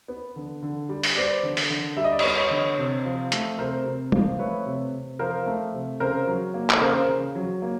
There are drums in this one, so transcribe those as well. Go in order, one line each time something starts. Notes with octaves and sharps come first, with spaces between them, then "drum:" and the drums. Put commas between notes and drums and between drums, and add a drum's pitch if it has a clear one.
B3
D3
D3
G3
drum: open hi-hat
B3 C5 D5
D3
drum: open hi-hat
D3
G3 E5
D#5
D5
C#5 D#5, drum: cymbal
B3
C#5 D#5
D3
C3
F3
A3, drum: hi-hat
C3 A#4 C5
C3
F3, drum: tom
A3 B4 C#5
C3
C3
F3 A#4 C5
A3
C3
C#3 A#4 C5
F#3
A#3
drum: clap
C#3 A#4 C5
C#3
F#3
A#3